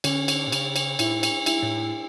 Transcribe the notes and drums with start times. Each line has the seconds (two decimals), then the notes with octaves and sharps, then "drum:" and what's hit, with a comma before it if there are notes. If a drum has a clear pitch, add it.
0.04 D3 C#4, drum: cymbal
0.28 drum: cymbal
0.47 A#2
0.52 C#3, drum: cymbal
0.76 drum: cymbal
0.99 A2 E4, drum: cymbal
1.23 drum: cymbal
1.46 E4, drum: cymbal
1.62 A2